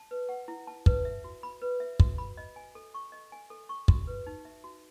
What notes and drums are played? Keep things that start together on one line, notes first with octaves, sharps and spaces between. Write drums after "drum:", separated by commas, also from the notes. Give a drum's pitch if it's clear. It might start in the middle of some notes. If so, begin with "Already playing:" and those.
Already playing: A5
B4
F#5
E4
A5
B4, drum: kick
E5
F#4
B5
B4
E5
F#4, drum: kick
B5
D#5
G#5
A4
C#6
D#5
G#5
A4
C#6
F#4, drum: kick
B4
D#4
E5
F#4